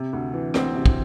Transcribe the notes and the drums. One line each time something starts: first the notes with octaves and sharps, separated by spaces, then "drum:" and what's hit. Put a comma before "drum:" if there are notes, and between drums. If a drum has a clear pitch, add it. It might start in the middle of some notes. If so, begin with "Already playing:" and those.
Already playing: C3
D2
E3
D2 C4, drum: rim click
C3
drum: kick